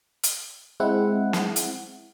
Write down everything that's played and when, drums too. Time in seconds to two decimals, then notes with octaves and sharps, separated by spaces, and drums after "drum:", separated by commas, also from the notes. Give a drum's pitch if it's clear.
0.23 drum: hi-hat
0.80 G#3 C4 E4 F#5
1.33 drum: snare
1.56 drum: hi-hat